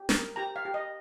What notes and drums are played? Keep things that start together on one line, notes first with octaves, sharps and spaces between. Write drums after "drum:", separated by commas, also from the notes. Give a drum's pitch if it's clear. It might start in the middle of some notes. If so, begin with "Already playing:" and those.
Already playing: G4
A#4, drum: snare
G4 A#5
F5
G4
D#5